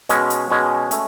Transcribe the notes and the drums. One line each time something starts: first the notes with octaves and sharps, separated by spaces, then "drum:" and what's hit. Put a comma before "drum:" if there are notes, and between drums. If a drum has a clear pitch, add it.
B2 G#3 C#4, drum: hi-hat
drum: hi-hat
B2 G#3 C#4
A3 C#4, drum: hi-hat